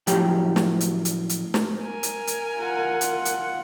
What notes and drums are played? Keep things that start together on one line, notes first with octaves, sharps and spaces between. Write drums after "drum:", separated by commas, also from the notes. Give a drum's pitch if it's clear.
A2 F3 F#3 G4 G5, drum: hi-hat
drum: snare
drum: hi-hat
drum: hi-hat
drum: hi-hat
drum: snare
A#4 G#5
drum: hi-hat
drum: hi-hat
F4 F#5
drum: hi-hat
drum: hi-hat